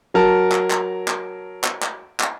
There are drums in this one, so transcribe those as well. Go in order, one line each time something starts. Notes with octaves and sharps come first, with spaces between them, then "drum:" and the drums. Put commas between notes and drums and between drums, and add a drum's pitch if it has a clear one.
F#3 A#4 A5
drum: clap
drum: clap
drum: clap
drum: clap
drum: clap
drum: clap